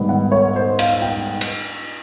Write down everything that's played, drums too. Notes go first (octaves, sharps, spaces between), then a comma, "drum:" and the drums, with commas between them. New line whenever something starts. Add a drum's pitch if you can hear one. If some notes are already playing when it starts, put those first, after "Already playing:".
Already playing: G#2 D#3 G3 B3
F#5
C#5
C5
F5, drum: cymbal
G5
drum: cymbal